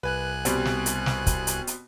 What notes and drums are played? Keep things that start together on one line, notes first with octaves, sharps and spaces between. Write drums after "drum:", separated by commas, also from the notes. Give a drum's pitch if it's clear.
C2 B4 G#5 F#6
B2 G3 C4, drum: hi-hat
drum: snare
drum: hi-hat
drum: snare
drum: kick, hi-hat
drum: hi-hat
drum: hi-hat